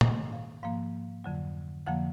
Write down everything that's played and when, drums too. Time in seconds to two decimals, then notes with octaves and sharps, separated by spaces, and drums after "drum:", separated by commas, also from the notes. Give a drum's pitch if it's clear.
0.01 G#2 D#3 A#3 G#5, drum: tom A#2
0.33 F5
0.63 G#2 F3 A#3 F5
1.24 F2 D3 F#3
1.86 F2 D3 F3 A#3 F#5